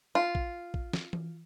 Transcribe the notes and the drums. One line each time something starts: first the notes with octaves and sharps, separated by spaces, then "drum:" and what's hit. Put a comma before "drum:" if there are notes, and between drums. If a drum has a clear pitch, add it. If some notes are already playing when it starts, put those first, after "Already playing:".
F4
drum: kick
drum: kick
drum: snare
drum: tom E3